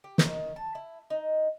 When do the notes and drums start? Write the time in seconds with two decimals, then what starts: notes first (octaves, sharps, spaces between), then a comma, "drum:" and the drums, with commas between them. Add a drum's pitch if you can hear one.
0.04 G4
0.18 D#3, drum: snare
0.56 A5
0.75 E4
1.10 D#4